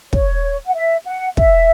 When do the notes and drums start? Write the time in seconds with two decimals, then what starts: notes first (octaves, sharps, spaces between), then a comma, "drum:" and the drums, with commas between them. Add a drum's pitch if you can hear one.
0.13 C#5, drum: kick
0.66 F#5
0.75 E5
1.06 F#5
1.37 E5, drum: kick